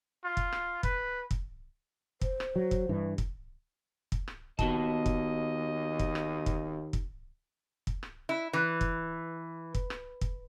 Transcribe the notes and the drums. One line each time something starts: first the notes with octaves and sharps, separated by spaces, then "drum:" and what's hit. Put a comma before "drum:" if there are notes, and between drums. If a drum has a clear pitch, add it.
F4
drum: kick
drum: rim click
B4, drum: kick
drum: kick
C5, drum: kick
drum: rim click
F#3
drum: kick
G2 E3
drum: kick
drum: kick
drum: rim click
D#2 B3 F#4 D#5 A5, drum: kick
drum: kick
drum: kick
drum: rim click
drum: kick
drum: kick
drum: kick
drum: rim click
E4
E3
drum: kick
drum: kick
drum: rim click
drum: kick